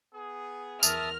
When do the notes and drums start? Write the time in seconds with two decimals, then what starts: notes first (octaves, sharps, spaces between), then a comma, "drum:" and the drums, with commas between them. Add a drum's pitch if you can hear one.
0.14 B3 G#4
0.83 E2 A#4 E5 A5 D#6 F6, drum: tambourine